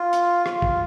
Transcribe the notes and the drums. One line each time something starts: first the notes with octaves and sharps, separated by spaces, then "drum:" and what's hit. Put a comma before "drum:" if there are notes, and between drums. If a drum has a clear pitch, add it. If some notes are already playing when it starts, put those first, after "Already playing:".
Already playing: F4
drum: hi-hat
F4, drum: rim click
drum: kick